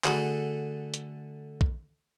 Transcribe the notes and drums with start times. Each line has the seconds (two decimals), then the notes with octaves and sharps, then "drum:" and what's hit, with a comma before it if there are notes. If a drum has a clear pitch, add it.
0.04 D3 A3 F#4 G#4, drum: clap
0.94 drum: hi-hat
1.61 drum: kick A#1